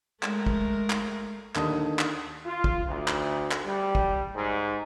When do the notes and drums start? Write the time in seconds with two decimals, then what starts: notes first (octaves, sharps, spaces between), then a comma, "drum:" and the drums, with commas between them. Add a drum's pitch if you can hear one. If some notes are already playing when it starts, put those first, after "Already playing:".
0.23 G#3 A3 A#4, drum: clap
0.46 drum: kick
0.90 drum: clap
1.55 D#2 D3 D#3 A5 D#6, drum: clap
1.99 drum: clap
2.46 F4
2.64 drum: kick
2.87 D2
3.08 drum: clap
3.51 drum: clap
3.65 G3
3.95 drum: kick
4.35 G#2